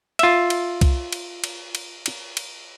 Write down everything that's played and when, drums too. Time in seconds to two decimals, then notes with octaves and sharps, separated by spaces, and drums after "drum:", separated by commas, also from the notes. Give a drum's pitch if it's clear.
0.19 F4 E5, drum: cymbal
0.50 drum: cymbal
0.81 drum: kick C2, cymbal
1.12 drum: cymbal
1.44 drum: cymbal
1.75 drum: cymbal
2.06 drum: cymbal
2.37 drum: cymbal